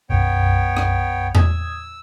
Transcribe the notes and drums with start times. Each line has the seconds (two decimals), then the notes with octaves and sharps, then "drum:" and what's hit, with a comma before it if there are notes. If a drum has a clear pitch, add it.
0.10 B1 F#2 B3 C#5 G5
0.77 drum: rim click
1.35 D#6 E6 G#6, drum: tom E2